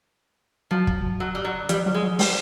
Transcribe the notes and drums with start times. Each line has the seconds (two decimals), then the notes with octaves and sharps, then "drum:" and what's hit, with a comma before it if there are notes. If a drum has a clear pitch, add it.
0.71 F3 F#3
0.87 drum: kick
1.20 F#3
1.35 G3
1.45 F#3
1.69 F3 G3, drum: hi-hat
1.86 F#3
1.94 G#3
2.03 F#3
2.19 G3 G#3, drum: open hi-hat